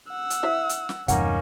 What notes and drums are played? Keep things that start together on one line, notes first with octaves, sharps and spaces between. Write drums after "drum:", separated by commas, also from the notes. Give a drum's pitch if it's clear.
F#5 E6
drum: hi-hat
E4 C5 E5
drum: hi-hat
drum: snare
E2 G2 C3 A#3 C#4 D#4 F#5, drum: kick, hi-hat